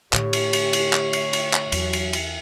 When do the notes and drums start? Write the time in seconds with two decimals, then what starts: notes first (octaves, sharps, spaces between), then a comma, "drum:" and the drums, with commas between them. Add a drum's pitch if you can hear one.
0.13 A2 D3 G4 C#5, drum: clap
0.33 drum: cymbal
0.53 drum: cymbal
0.73 drum: cymbal
0.93 drum: clap
1.13 drum: cymbal
1.33 drum: cymbal
1.53 drum: clap
1.72 E2 F#3, drum: cymbal
1.93 drum: cymbal
2.13 drum: cymbal